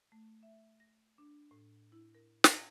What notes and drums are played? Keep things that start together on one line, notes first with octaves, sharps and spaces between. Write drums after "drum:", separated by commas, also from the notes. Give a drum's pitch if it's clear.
A3
E5
A#6
D4
A2
E4
A#4
C6, drum: snare